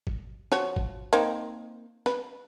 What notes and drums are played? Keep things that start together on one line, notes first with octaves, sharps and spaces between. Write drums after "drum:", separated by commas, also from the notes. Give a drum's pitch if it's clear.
drum: kick G#1
F3 F#4 C#5, drum: snare
drum: kick G#1
A#3 C4 D#4, drum: hi-hat
B4, drum: snare